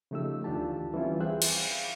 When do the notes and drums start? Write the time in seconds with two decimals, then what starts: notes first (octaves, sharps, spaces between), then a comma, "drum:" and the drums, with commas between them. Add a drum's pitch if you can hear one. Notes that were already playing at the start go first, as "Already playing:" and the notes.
0.11 C#3 F3 A3 D#4 G4 E6
0.44 D2 E3 D4 F4 G4 A5
0.94 E3 G3 C4 C#4 E4 F4
1.20 G#4 C5 E5 G5 F#6
1.42 drum: cymbal
1.56 F5